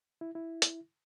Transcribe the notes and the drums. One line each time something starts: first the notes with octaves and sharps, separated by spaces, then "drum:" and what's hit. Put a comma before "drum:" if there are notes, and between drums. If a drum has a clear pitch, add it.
E4
E4
drum: hi-hat